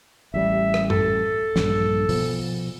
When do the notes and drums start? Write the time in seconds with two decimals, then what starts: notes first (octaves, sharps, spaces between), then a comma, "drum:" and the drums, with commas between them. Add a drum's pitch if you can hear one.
0.34 A1 G3 E5
0.74 drum: rim click
0.90 A4, drum: tom F#2
1.56 A#1 G2, drum: snare
2.09 B2 F3 B3, drum: open hi-hat